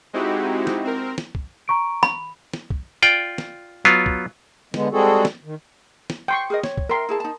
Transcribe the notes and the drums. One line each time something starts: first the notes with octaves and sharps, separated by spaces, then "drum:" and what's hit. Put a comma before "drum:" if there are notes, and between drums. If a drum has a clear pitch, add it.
G#3 C4 D#4 E4 F#4 G4
drum: snare
C4 A#4
drum: snare
drum: kick
A#5 C#6 D7
B5, drum: snare
drum: snare
drum: kick
F4 D5 G5
drum: snare
F#3 B3 F4
drum: kick
D3 G#3 B3, drum: snare
G3 G#3 C4 F#4 G#4 A4
drum: snare
D#3
drum: snare
G5 C6 C#6
G#4 A#4 D#5
C#5, drum: snare
drum: kick
A#4 E5 G5 C6
E4 G#4 A5
D#4 A5